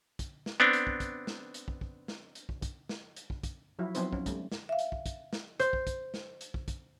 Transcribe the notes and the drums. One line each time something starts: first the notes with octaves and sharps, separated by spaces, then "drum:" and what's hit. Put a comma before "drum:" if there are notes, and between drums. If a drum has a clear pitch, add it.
drum: kick, hi-hat
drum: snare
B3 C4 D4
drum: hi-hat
drum: kick
drum: kick, hi-hat
drum: snare
drum: hi-hat
drum: kick
drum: kick
drum: snare
drum: hi-hat
drum: kick
drum: kick, hi-hat
drum: snare
drum: hi-hat
drum: kick
drum: kick, hi-hat
F3 F#3 E4 F#4
F3 F#3 B3 C4 D#4 C5, drum: hi-hat
C#4, drum: kick
G3 A3 C#4, drum: kick, hi-hat
drum: snare
E5 F5
drum: hi-hat
drum: kick
drum: kick, hi-hat
drum: snare
C5, drum: hi-hat
drum: kick
drum: kick, hi-hat
drum: snare
drum: hi-hat
drum: kick
drum: kick, hi-hat